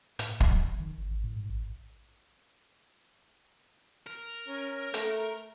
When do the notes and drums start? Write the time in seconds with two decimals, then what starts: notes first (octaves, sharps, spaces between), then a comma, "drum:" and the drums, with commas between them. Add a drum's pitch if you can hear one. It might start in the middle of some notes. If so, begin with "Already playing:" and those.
0.19 A2, drum: hi-hat
0.40 F#3, drum: kick
0.55 D#2
0.67 F#1
0.80 D#3
0.98 G1
1.11 G#1
1.24 A2
1.37 G#2
1.50 A1
4.06 A#4
4.48 C#4
4.94 A3, drum: hi-hat